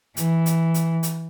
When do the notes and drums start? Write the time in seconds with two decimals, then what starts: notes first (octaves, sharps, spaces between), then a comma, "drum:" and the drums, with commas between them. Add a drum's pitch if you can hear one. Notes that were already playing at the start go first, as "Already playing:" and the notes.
0.17 E3, drum: hi-hat
0.46 drum: hi-hat
0.74 drum: hi-hat
1.03 drum: hi-hat